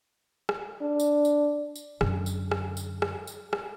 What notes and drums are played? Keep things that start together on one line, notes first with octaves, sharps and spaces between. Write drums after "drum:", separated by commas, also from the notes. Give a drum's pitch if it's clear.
drum: rim click
D4
drum: tambourine
drum: tambourine
drum: tambourine
F#2 D3, drum: rim click
drum: tambourine
drum: rim click
drum: tambourine
drum: rim click
drum: tambourine
drum: rim click